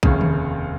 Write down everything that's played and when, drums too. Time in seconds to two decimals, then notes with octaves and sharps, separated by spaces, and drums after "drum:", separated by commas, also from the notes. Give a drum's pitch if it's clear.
0.03 F1 D#2 C#3, drum: kick
0.21 drum: tom D3